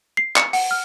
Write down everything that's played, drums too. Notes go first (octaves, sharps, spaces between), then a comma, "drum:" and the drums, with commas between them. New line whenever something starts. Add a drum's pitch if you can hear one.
C7
C#7, drum: clap
F#5, drum: open hi-hat
F6